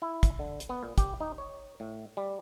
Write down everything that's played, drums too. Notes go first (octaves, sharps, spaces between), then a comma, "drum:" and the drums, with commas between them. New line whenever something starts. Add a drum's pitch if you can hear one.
E4
drum: kick, hi-hat
D3
drum: hi-hat
B3
A#2
G4, drum: kick, hi-hat
D#4
C#5
A2
G3